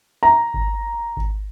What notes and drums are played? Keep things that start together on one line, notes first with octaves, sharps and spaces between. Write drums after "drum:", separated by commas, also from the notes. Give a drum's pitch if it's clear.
A#5
drum: kick G#1
drum: kick G#1